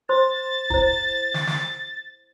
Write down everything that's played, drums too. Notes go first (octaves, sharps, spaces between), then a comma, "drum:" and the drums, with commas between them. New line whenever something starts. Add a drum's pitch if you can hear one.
C5 C6 A6
E4 C5, drum: kick
drum: snare
drum: snare